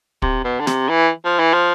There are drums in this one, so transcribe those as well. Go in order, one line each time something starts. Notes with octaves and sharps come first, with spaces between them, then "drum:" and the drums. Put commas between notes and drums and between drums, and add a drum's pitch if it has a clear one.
C3, drum: kick
B2
D3
C3, drum: snare
E3
F3
E3
F3